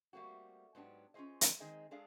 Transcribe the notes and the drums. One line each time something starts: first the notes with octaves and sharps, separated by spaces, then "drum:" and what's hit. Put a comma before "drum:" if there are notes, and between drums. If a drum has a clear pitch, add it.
G3 A3 A#3 C4 F#4
G#2 F#3 B3 D4 G4
C#4 F4 F#4 G#4 C5 D#5
drum: hi-hat
D#3 G#3 C4 D#4 G#4 D#5
G#3 D4 G#4 A4 D5 F5